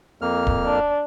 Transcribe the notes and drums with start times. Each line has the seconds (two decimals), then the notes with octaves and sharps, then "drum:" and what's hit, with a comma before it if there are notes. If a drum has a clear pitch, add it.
0.22 F2 A#3 F6
0.47 drum: kick
0.65 D4